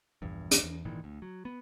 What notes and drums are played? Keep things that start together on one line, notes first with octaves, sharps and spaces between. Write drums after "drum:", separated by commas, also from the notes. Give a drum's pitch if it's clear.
A#1 E2 G2
drum: hi-hat
E2
G#1 A#2 D#3 E3
D2
F#3
B3